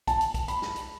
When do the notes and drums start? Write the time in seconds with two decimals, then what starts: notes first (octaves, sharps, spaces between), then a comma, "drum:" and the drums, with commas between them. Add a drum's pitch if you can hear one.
0.07 A5, drum: kick, hi-hat
0.21 drum: hi-hat
0.34 drum: kick, hi-hat
0.48 B5, drum: hi-hat
0.62 drum: snare
0.76 drum: hi-hat